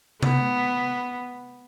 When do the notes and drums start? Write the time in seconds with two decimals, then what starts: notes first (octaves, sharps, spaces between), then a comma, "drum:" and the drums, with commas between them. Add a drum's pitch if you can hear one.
0.23 B3, drum: tom C3